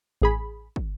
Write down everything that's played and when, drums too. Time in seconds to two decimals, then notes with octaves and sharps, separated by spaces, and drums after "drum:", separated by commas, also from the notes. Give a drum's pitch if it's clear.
0.22 A1 G#4 B5
0.76 drum: kick